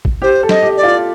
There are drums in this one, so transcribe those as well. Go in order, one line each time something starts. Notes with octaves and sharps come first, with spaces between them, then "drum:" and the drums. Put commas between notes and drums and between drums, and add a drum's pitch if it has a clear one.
drum: kick
G4 C5
A4
D#5, drum: snare
G4
D5
F4